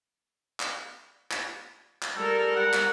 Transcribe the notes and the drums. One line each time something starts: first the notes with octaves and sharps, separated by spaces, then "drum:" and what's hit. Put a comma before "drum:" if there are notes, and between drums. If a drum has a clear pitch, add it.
drum: clap
drum: clap
drum: clap
G3 A4 A#4
F#5
drum: clap